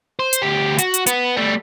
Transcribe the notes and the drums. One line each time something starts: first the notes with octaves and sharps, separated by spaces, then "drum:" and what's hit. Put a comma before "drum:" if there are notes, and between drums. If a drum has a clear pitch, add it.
C5
drum: hi-hat
D2 G4
F#4, drum: hi-hat
drum: hi-hat
B3, drum: hi-hat
G3 A3